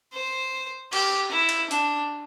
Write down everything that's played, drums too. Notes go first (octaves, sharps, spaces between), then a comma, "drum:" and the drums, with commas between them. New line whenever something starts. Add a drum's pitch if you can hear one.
C5
G4, drum: cymbal
E4
drum: cymbal
D4, drum: hi-hat